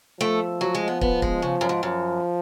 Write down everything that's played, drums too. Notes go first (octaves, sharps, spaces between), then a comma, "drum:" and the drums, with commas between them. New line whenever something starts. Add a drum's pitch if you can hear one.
F3 A3
F#3
G#3
B3
B3, drum: kick
G#3, drum: kick
C#3
F#2
G#2
F#2 F3